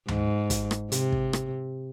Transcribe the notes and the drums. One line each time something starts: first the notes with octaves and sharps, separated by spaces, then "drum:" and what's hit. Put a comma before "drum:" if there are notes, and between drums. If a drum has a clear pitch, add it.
G#2, drum: tom D2
drum: kick, hi-hat
drum: rim click
C3, drum: hi-hat
drum: kick
drum: rim click